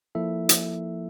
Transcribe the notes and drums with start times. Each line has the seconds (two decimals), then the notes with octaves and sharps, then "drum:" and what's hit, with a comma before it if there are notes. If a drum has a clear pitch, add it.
0.15 F3 A#3 E4 A4 E5
0.49 drum: hi-hat